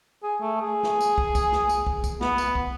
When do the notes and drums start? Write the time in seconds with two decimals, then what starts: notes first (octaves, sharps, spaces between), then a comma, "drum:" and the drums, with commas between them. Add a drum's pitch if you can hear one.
0.23 G#4
0.41 A3
0.62 G#4
0.83 drum: snare
1.01 drum: tambourine
1.18 drum: kick
1.35 drum: kick, tambourine
1.52 drum: snare
1.69 drum: tambourine
1.87 drum: kick
2.04 drum: kick, tambourine
2.21 B3, drum: snare
2.38 drum: tambourine
2.55 drum: kick